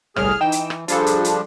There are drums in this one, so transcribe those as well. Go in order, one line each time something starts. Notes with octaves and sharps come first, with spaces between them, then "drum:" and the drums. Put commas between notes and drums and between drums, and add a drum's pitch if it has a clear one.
G1 C2 A2 G#4 F6, drum: rim click
E3 D#4 G5 E7
drum: hi-hat
drum: rim click
F3 G3 D4 F4 G#4 A4, drum: hi-hat
drum: hi-hat
drum: hi-hat